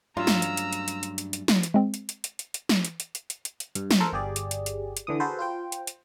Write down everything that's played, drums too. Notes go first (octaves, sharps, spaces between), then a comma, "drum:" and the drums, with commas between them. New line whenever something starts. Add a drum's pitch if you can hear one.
G2 F#3 A3 C#4 F4 A#5 E6
drum: snare
drum: hi-hat
drum: hi-hat
drum: hi-hat
drum: hi-hat
drum: hi-hat
drum: hi-hat
drum: hi-hat
drum: snare
drum: hi-hat
G#3 C4
drum: hi-hat
drum: hi-hat
drum: hi-hat
drum: hi-hat
drum: hi-hat
drum: snare
drum: hi-hat
drum: hi-hat
drum: hi-hat
drum: hi-hat
drum: hi-hat
drum: hi-hat
G2, drum: hi-hat
drum: snare
A4 A#4 C5
G1 G4 G#4 D5
drum: hi-hat
drum: hi-hat
drum: hi-hat
drum: hi-hat
D3 E3 D#6
F#4 G#4 A4 B4 C5
F4 C5 G5
drum: hi-hat
drum: hi-hat